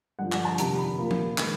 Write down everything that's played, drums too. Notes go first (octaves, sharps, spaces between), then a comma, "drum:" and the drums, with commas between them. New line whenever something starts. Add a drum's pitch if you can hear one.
G2 D3 F3 F#5
G#5, drum: clap
A5
F2 C3 D#3 G3 A#5, drum: hi-hat
B5
A#2 F3 A#3
drum: tom
D#3 G#3 B3, drum: clap